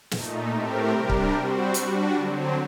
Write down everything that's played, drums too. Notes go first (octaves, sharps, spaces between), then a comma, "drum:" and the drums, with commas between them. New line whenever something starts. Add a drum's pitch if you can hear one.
A#2 A3 D#4, drum: snare
A2 A3 C4 G4 A#4
C3 G3 D4 G4 A#4
drum: kick C#1
G3 C4 F#4 C5
G3 D4 F#4, drum: hi-hat
D3 F#3 C4